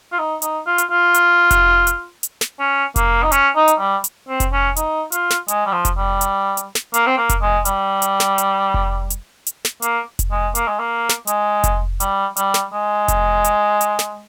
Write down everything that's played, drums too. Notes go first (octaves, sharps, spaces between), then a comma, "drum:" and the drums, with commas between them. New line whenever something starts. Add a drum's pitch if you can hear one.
F4
D#4
D#4, drum: hi-hat
F4
drum: hi-hat
F4
drum: hi-hat
drum: kick F1, hi-hat
drum: hi-hat
drum: hi-hat
drum: snare
C#4
A#3, drum: kick F1, hi-hat
D#4
C#4, drum: hi-hat
D#4
drum: hi-hat
G3
drum: hi-hat
C4
drum: kick F1, hi-hat
C#4
D#4, drum: hi-hat
F4, drum: hi-hat
drum: snare
G#3, drum: hi-hat
G3
F3
drum: kick F1, hi-hat
G3
drum: hi-hat
drum: hi-hat
drum: snare
A#3, drum: hi-hat
C4
A#3
drum: kick F1, hi-hat
G#3
G3, drum: hi-hat
drum: hi-hat
drum: snare
drum: hi-hat
drum: kick F1
drum: hi-hat
drum: hi-hat
drum: snare
A#3, drum: hi-hat
drum: kick F1, hi-hat
G#3
A#3, drum: hi-hat
G#3
A#3
drum: snare
G#3, drum: hi-hat
drum: kick F1, hi-hat
G3, drum: hi-hat
G3, drum: hi-hat
drum: snare
G#3
drum: kick F1, hi-hat
drum: hi-hat
drum: hi-hat
drum: snare